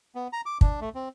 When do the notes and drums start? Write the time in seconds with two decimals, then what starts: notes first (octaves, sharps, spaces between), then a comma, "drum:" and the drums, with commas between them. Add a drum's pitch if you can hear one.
0.15 B3
0.33 A#5
0.46 D6
0.61 D4, drum: kick
0.81 A3
0.95 C4